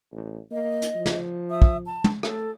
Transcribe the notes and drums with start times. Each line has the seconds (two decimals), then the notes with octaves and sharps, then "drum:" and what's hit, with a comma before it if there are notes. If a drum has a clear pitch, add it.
0.11 A1
0.51 A#3 D#5
0.82 drum: hi-hat
0.95 F3
1.06 drum: snare
1.49 E5 D#6
1.62 drum: kick
1.84 A5
2.04 drum: tom
2.23 A3 A4, drum: rim click